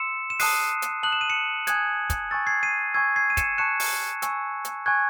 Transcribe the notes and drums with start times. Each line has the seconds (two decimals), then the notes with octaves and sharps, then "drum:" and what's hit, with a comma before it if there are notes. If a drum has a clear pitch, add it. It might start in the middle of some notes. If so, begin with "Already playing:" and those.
Already playing: C6 E6 C#7 E7
0.30 E7
0.40 A5 D#6 F#6 C7 D#7, drum: open hi-hat
0.82 drum: hi-hat
1.03 A5 D#6 F#6 F#7
1.12 E7
1.21 D#7
1.30 C#7 E7
1.67 G#5 D#6 F#6 G#6, drum: hi-hat
2.10 drum: kick, hi-hat
2.31 G#5 C#6 E6 A6
2.47 G#6 C7
2.63 C7 D#7
2.95 G#5 C#6 E6 G#6
3.16 G#6 C7
3.30 D#7
3.37 C#7 E7, drum: kick, hi-hat
3.58 A5 C#6 F#6 C#7 E7
3.80 drum: open hi-hat
4.22 G#5 C#6 E6, drum: hi-hat
4.65 drum: hi-hat
4.86 G#5 C#6 F#6 G#6